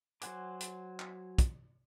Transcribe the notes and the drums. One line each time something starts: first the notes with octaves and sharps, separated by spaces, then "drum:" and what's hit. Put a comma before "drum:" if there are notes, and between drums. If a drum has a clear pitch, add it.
F#3 C5 F#5 G#5 D6, drum: hi-hat
drum: hi-hat
drum: clap
drum: kick, hi-hat